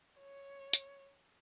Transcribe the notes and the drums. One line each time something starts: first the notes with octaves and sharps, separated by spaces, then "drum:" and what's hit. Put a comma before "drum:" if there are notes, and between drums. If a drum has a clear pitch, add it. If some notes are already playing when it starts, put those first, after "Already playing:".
C#5
drum: hi-hat